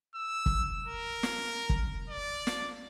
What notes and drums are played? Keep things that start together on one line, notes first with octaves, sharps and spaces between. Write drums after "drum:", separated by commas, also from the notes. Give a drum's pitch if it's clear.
E6
drum: kick
A#4
drum: snare
drum: kick
D5
drum: snare